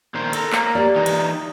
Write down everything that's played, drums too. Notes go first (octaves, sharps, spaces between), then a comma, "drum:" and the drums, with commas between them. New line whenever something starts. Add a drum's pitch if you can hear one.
A#2 D#3 C5
A4 A#4, drum: cymbal
A#3, drum: clap
G4 D5
E3 D#4
drum: cymbal